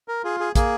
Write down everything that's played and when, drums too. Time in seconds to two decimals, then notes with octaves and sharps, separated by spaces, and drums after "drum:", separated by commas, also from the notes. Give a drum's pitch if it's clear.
0.08 A#4
0.24 F4 G#4
0.40 G#4
0.55 A#3 G#4, drum: kick, hi-hat